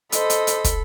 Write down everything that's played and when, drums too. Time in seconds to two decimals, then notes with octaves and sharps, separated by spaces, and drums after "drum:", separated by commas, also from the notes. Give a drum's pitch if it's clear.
0.12 A4 C5 D#5 B5, drum: hi-hat
0.30 drum: hi-hat
0.47 drum: hi-hat
0.64 drum: kick, hi-hat